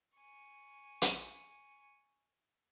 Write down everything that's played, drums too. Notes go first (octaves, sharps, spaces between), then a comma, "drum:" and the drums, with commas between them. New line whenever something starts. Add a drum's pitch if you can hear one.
G#5 C#6
drum: hi-hat